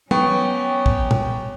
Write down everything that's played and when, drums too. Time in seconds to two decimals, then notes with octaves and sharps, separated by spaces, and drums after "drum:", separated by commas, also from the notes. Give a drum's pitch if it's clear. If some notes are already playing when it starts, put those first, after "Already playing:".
0.11 F#3 B3 C#4 G4 G5 C#6, drum: tom
0.86 drum: kick
1.11 drum: tom